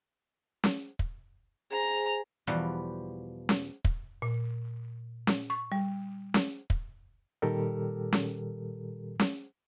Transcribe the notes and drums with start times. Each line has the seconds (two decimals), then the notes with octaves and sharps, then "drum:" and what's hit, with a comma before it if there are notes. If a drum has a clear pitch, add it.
0.64 drum: snare C#4
0.99 drum: kick
1.71 G#4 C5 G#5 A#5
2.47 E2 B2 F3 G3 F#5
3.49 drum: snare C#4
3.85 drum: kick
4.22 A#2
5.27 drum: snare C#4
5.50 C#6
5.72 G3
6.34 drum: snare C#4
6.70 drum: kick
7.42 A#2 D#3 G3 G4 A4 A#4
8.13 drum: snare C#4
9.19 drum: snare C#4